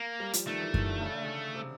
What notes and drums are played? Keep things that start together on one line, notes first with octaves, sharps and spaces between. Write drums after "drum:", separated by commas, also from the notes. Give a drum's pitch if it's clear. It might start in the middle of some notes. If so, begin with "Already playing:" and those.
Already playing: A#3
G3
F3, drum: hi-hat
D#3 A3
E3
D#3, drum: kick F#2
D3
C#3
D3
C#3
C3